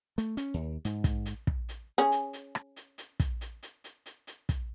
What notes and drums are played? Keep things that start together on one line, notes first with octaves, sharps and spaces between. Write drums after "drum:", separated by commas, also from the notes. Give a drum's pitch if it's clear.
A3, drum: hi-hat
C#4, drum: hi-hat
D#2
G#2, drum: hi-hat
drum: kick, hi-hat
drum: hi-hat
drum: kick
drum: hi-hat
C#4 G#4
drum: hi-hat
drum: hi-hat
drum: rim click
drum: hi-hat
drum: hi-hat
drum: kick, hi-hat
drum: hi-hat
drum: hi-hat
drum: hi-hat
drum: hi-hat
drum: hi-hat
drum: kick, hi-hat